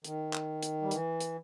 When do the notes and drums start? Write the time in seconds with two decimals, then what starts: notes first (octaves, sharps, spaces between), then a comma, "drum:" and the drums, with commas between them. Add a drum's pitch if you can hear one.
0.04 D#3, drum: hi-hat
0.34 drum: clap
0.63 drum: hi-hat
0.82 G3
0.91 E3, drum: hi-hat
1.21 drum: hi-hat